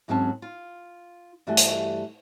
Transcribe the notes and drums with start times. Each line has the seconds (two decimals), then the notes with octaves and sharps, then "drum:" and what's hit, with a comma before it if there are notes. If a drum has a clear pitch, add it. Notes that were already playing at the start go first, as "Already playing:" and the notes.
0.08 D#2 G#2 F#3 C4 C#4 A5
0.42 F4
1.47 G2 E3 G3 A3 F#4 G#5
1.57 drum: hi-hat